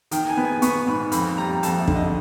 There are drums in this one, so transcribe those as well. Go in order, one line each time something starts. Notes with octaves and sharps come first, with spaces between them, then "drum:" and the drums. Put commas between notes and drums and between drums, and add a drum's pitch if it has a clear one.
D#3 G5, drum: hi-hat
G#5
B3
G#5
B3 C#6, drum: hi-hat
G#2 B5
F2 B5, drum: hi-hat
G3 A#5
F2 A5, drum: hi-hat
E5
D3, drum: kick
D#5